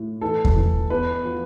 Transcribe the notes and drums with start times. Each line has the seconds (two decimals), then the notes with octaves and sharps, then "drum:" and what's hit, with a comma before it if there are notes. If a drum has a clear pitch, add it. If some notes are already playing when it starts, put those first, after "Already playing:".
Already playing: A2
0.21 E3 A4
0.45 drum: kick E2
0.56 E3
0.90 E2 B4
1.25 F3